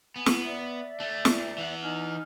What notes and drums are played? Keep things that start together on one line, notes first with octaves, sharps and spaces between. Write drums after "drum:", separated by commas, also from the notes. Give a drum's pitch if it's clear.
B3 G#5
drum: snare
D5 E5
A3 D4
drum: snare
E3 F#5
D#4 G#5 F6